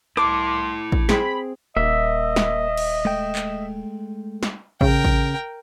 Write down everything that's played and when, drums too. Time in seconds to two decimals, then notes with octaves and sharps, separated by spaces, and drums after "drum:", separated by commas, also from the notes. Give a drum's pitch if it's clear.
0.17 C2 E4 A5 C6 D6, drum: rim click
0.92 drum: kick A1
1.09 C4 G#4 B5, drum: snare
1.77 D#1 A#3 D#5 E5
2.36 drum: snare
2.78 drum: cymbal
3.05 G#3 A3 G5
3.35 drum: clap
4.43 drum: snare
4.81 C#3 A#4 G5, drum: kick A1
5.05 drum: kick A1